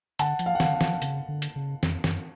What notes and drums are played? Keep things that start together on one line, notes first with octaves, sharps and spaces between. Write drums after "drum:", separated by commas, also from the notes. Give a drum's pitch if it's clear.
D3 F#5 A5, drum: hi-hat
F3, drum: hi-hat
F5
F#5
D3 F5, drum: snare
F#5
F3, drum: snare
C#3, drum: hi-hat
D3
drum: hi-hat
C#3
F2, drum: snare
F#2, drum: snare